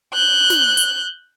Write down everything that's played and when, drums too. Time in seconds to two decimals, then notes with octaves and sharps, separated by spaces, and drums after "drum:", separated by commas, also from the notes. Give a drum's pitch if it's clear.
0.14 F#6 G6
0.50 drum: snare
0.77 drum: hi-hat